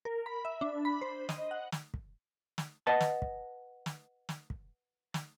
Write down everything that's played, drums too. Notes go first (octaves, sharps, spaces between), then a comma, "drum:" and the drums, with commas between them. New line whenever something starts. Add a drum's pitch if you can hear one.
A#4
B5
E5
D4
B5
C5
D#5, drum: snare
F#5
drum: snare
drum: kick
drum: snare
B4 D#5 F#5 A5
drum: snare
drum: kick
drum: snare
drum: snare
drum: kick
drum: snare